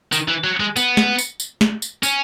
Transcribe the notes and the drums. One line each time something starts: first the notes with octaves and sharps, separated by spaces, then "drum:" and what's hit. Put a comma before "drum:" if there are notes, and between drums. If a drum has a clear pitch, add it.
D#3, drum: tambourine
E3
F#3
G#3
B3, drum: tambourine
drum: snare
drum: tambourine
drum: tambourine
drum: snare
drum: tambourine
C#4, drum: tambourine